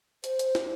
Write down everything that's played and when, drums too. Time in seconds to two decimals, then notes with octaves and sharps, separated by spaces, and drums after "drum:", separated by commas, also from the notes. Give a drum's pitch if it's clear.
0.24 C5, drum: hi-hat
0.39 drum: hi-hat
0.55 drum: snare